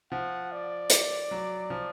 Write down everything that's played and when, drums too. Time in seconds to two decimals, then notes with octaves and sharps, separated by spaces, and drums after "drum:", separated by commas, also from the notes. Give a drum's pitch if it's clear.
0.12 F3 F#5
0.52 D5
0.90 drum: hi-hat
1.31 F#3
1.70 F3